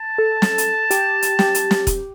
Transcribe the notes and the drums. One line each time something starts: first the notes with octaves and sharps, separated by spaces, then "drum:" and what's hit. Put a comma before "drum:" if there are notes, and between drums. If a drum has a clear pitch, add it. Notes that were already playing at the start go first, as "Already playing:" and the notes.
Already playing: A5
A4
drum: snare
drum: hi-hat
G4, drum: hi-hat
drum: hi-hat
G4, drum: snare
drum: hi-hat
drum: snare
drum: kick E1, hi-hat